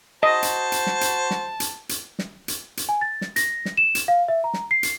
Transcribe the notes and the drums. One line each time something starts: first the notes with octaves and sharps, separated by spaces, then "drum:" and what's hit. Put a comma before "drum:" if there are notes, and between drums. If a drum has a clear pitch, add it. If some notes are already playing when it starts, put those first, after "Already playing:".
F#4 C5 D#5 A5
drum: hi-hat
drum: hi-hat
drum: snare
drum: hi-hat
drum: snare
drum: hi-hat
drum: hi-hat
drum: snare
drum: hi-hat
drum: hi-hat
G#5
A6
drum: snare
A#6, drum: hi-hat
drum: snare
E7
drum: hi-hat
F5
E5
A#5
drum: snare
C7
drum: hi-hat